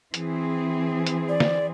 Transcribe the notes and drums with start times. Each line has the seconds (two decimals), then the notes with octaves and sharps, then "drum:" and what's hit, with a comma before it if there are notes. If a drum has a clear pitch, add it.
0.14 E3 C4 G#4, drum: hi-hat
1.07 drum: hi-hat
1.28 D5
1.40 drum: snare